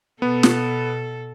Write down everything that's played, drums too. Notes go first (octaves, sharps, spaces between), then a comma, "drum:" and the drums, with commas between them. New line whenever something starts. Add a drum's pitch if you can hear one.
B2 B3 A4
drum: snare